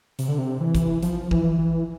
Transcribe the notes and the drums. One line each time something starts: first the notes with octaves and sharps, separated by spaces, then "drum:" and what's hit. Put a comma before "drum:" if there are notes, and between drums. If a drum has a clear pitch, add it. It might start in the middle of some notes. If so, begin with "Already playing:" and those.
C3, drum: hi-hat
D3
C3
E3
drum: kick, hi-hat
F3, drum: hi-hat
E3, drum: kick
E3